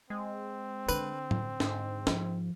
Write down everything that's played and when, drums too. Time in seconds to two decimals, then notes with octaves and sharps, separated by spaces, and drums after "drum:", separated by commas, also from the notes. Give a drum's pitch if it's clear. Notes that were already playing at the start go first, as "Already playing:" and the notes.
0.10 G#3 C4
0.89 D3 B4, drum: tambourine
1.31 drum: tom A2
1.60 G#2, drum: snare
2.07 F3, drum: snare